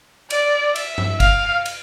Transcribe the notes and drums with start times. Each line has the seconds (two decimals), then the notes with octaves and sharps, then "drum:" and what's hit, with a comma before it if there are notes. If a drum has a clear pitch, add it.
0.30 D5, drum: cymbal
0.76 E5, drum: cymbal
0.98 drum: tom G2
1.20 F5, drum: kick G1, cymbal
1.66 drum: cymbal